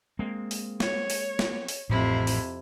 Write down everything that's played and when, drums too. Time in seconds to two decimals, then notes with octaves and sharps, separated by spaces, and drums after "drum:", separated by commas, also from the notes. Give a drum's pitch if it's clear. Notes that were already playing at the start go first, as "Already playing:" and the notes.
0.19 G#3 A#3 C4
0.51 drum: open hi-hat
0.80 C#5, drum: snare
1.10 drum: open hi-hat
1.39 drum: snare
1.68 drum: open hi-hat
1.89 A1 F2 A2 C3 E4
2.27 drum: open hi-hat